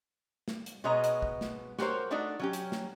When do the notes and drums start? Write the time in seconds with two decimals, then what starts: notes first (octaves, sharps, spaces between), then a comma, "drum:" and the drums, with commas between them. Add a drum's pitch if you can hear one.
0.48 drum: snare
0.66 drum: hi-hat
0.84 B2 G#3 B3 C#5 D#5 A#5
1.04 drum: hi-hat
1.22 drum: kick
1.41 drum: snare
1.79 F#4 G4 A#4 C5 C#5, drum: snare
2.11 A3 D4 D#4 F#4 D5
2.39 F#3 C#4 G4
2.53 drum: hi-hat
2.72 drum: snare